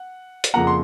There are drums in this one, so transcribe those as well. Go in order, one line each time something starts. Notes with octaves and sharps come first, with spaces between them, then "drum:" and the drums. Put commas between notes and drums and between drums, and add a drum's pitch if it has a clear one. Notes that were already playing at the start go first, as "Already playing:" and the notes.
Already playing: F#5
drum: hi-hat
F2 C#3 F3 A#3 F#5 A#5
C6